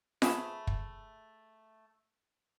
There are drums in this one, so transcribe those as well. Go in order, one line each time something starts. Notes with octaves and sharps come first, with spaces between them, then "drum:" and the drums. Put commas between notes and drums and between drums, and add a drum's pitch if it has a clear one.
A3 G#4 B4 E5, drum: snare F4
drum: kick